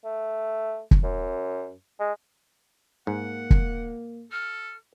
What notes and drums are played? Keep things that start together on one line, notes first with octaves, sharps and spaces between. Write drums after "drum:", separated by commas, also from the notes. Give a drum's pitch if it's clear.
A3
drum: kick
F#2
G#3
G#2 A#3 F#5
drum: kick
A4 F6